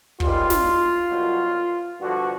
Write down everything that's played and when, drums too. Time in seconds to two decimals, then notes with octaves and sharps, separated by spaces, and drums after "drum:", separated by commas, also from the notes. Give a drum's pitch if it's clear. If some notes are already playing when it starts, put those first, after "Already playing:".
0.20 C#2 C3 D#3 G3 F4, drum: kick
0.50 drum: snare
1.10 C2 B2 F#3
2.01 G2 D3 F3 F#4